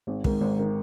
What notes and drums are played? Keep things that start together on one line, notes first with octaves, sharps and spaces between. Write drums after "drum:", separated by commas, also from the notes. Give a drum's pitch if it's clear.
G#1
G#2 D#3, drum: kick
G#1
D#3